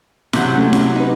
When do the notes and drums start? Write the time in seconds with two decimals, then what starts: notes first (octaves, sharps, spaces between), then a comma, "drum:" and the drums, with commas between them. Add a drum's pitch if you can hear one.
0.33 C3 F#3 F#6 G6, drum: snare E4
0.54 A3 C#4
0.73 drum: snare E4
0.95 D#4 B4